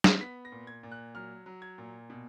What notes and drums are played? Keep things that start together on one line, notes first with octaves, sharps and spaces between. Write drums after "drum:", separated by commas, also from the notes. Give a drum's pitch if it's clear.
drum: snare
B3 B6
A#6
A#2
G#6
A#2
F#6
F#3 F6
F#3
G#6
A#2
B2